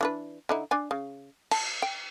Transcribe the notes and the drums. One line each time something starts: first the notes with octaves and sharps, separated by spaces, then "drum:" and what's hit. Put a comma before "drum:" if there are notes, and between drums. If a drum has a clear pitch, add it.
E3 D4 B4
D3 D#4 E4
D4 D5 G#5
C#3
A5, drum: cymbal
G5